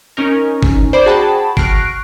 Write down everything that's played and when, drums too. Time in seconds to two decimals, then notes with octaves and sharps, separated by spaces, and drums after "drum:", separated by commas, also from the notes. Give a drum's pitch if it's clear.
0.17 C#4 D#4 A#4
0.63 drum: kick
0.93 C5 D5 B5 D6
1.06 F#4 G#4 F#5 G5 A5 B5
1.57 C#6 F6 F#6 A#6 C7 D7, drum: kick